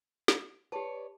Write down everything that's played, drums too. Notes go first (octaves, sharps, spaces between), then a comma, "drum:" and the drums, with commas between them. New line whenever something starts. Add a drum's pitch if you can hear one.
drum: snare
G4 B4 C#5 D5 A5